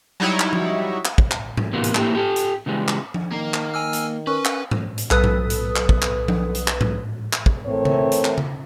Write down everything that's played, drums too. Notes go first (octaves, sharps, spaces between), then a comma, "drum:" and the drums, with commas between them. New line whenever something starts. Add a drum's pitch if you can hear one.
F#3 G3 D#4 E4 C#5
drum: clap
drum: tom F3
drum: clap
drum: kick
drum: clap
drum: tom G#2
C3 E3 A#3 B3
drum: hi-hat
A3 A#3 C4 E4 G4, drum: clap
G4 A4
drum: hi-hat
C#3 E3 G3 G#3
drum: clap
drum: tom F3
D#3 A#3 A#5
drum: clap
G#5 E6 F6
drum: hi-hat
C#4 A#4 B4 C#5 C#6
drum: clap
drum: tom G#2
drum: hi-hat
B1 A4 B4 D#6, drum: clap
drum: tom G#2
drum: hi-hat
drum: clap
drum: kick
drum: clap
drum: tom F3
drum: hi-hat
drum: clap
drum: tom G#2
drum: clap
drum: kick
E3 A3 C4 A#4 C#5
drum: tom C#3
drum: hi-hat
drum: clap
drum: tom C#3